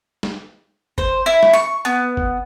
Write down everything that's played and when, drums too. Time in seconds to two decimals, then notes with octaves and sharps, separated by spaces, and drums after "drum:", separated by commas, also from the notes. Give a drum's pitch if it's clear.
0.23 drum: snare
0.98 C5, drum: kick F#1
1.26 E4
1.43 drum: snare
1.53 C#6
1.85 B3
2.17 drum: kick F#1